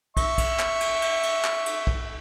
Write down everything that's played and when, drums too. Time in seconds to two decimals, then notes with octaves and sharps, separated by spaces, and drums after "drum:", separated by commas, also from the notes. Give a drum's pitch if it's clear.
0.17 E5 C#6, drum: kick, cymbal
0.38 drum: kick, cymbal
0.59 drum: clap
0.81 drum: cymbal
1.02 drum: cymbal
1.23 drum: cymbal
1.44 drum: clap
1.66 drum: cymbal
1.87 drum: kick